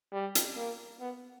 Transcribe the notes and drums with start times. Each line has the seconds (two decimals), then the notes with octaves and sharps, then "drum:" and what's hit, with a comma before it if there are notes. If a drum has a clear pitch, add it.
0.12 G3
0.35 drum: hi-hat
0.57 A#3
1.00 B3